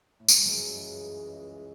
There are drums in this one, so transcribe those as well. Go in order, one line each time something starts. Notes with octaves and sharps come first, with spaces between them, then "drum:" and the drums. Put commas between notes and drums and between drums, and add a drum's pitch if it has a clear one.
A2
G#2, drum: tambourine
G2
C#2 F#2 C#3 E3 G#3